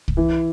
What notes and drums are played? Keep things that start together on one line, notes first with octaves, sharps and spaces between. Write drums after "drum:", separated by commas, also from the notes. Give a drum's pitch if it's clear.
drum: kick
E3